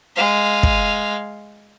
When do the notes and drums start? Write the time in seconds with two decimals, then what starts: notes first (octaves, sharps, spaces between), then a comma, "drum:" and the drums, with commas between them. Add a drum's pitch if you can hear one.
0.16 G#3 F5
0.63 drum: kick